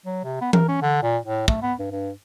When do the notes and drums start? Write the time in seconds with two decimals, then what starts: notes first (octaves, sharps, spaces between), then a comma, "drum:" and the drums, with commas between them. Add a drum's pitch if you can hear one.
0.06 F#3
0.24 C3
0.41 B3
0.53 A#4, drum: tom E3
0.69 C#4
0.82 D3
1.03 A#2
1.24 A2
1.48 A3, drum: kick
1.62 B3
1.79 G2
1.91 G2